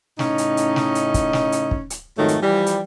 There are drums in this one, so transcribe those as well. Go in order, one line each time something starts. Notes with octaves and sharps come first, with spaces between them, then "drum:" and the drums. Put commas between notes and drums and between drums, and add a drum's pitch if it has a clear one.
A2 C#3 C#4 D#4, drum: snare
drum: hi-hat
drum: hi-hat
drum: snare
drum: hi-hat
drum: kick, hi-hat
drum: snare
drum: hi-hat
drum: kick
drum: hi-hat
F2 G#2 D#3 F#3 A3
drum: hi-hat
E3 F3 G3
drum: hi-hat